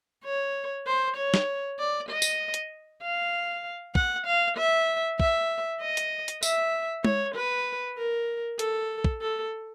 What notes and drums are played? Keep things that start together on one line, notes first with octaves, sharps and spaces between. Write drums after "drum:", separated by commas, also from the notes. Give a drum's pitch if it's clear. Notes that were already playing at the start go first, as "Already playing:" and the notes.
C#5
C5
C#5
drum: snare
D5
D#5
drum: tambourine
drum: hi-hat
F5
F#5, drum: kick
F5
E5
E5, drum: kick
D#5
drum: hi-hat
drum: hi-hat
E5, drum: tambourine
C#5, drum: tom G#3
B4
A#4
A4, drum: hi-hat
drum: kick
A4